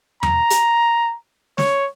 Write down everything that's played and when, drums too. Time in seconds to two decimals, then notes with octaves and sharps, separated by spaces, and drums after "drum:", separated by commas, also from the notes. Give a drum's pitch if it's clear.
0.23 A#5, drum: tom E2
0.50 drum: hi-hat
1.58 C#5, drum: snare